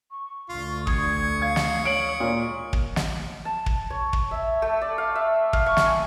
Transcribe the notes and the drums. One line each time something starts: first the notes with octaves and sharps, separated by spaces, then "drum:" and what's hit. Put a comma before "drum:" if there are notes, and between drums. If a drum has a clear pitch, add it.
C#6
D2 D3 F4
C#6 D#6 G#6, drum: kick
F5 G#6
drum: snare
C#5 D7 F#7
A#2 G#3
drum: kick
drum: snare
A5
drum: kick
C#5
drum: kick
E5
A3
D5
F5
E5
F5, drum: kick
C#6
drum: snare
G#5